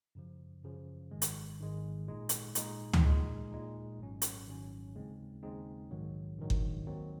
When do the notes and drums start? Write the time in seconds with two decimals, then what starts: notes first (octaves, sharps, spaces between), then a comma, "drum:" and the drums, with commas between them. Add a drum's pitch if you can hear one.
0.15 F#2 C#3 F3
0.64 F#2 C#3 F3
1.11 G#1 G#2 D#3 G#3
1.22 drum: hi-hat
1.60 G#1 G#2 D#3 G#3
2.07 A#2 G#3 D#4
2.29 drum: hi-hat
2.55 A#2 G#3 D#4, drum: hi-hat
2.93 drum: tom D2
3.03 A#2 G#3 D#4
3.52 A#2 G#3 D#4
3.99 G#1 G#2 F#3 C#4
4.22 drum: hi-hat
4.47 G#1 G#2 F#3 C#4
4.95 D#2 C#3 G#3 C4 D#4
5.43 D#2 C#3 G#3 C4 D#4
5.91 A#1 G#2 D#3 F#3
6.39 A#1 G#2 D#3 F#3
6.50 drum: kick G1
6.87 D#2 D#3 F#3 C4